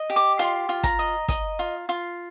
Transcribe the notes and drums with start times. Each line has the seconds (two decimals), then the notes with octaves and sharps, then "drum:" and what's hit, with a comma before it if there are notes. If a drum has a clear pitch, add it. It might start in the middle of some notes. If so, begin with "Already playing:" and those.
Already playing: D#5
0.10 G4
0.16 D6
0.39 F4 C6, drum: hi-hat
0.69 F4
0.83 A#5, drum: kick, hi-hat
0.99 D#5
1.28 D#5, drum: kick, hi-hat
1.59 F4
1.89 F4